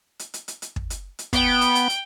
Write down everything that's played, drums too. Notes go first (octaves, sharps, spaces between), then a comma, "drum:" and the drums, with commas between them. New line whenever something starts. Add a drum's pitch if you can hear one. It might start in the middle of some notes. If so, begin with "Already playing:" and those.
drum: hi-hat
drum: hi-hat
drum: hi-hat
drum: hi-hat
drum: kick
drum: hi-hat
drum: hi-hat
B3 G5, drum: kick, hi-hat
drum: hi-hat
drum: hi-hat
drum: hi-hat